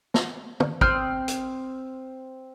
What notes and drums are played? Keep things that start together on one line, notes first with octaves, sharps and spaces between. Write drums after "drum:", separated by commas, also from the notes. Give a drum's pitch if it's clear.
drum: snare
drum: tom
C4 D#6 F6 G6, drum: kick
drum: hi-hat